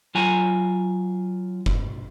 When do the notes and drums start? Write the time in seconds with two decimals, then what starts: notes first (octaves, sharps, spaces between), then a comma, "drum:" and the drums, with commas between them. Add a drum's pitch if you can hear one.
0.15 F#3 F4 G#5 A#5
1.66 drum: kick F#1